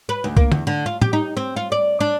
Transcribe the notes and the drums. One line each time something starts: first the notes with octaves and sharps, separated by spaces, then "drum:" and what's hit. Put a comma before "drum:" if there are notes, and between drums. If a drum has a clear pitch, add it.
B4
D2
A#3, drum: kick C2
E2, drum: tom
D3
F4
G4, drum: tom
D#4
C4
F4
D5
D4